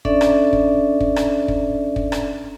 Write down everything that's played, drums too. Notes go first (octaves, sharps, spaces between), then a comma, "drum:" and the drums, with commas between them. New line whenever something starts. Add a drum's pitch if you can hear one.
C#4 D4 A4 D5 E5, drum: kick
drum: rim click
drum: kick
drum: kick
drum: rim click
drum: kick
drum: kick
drum: rim click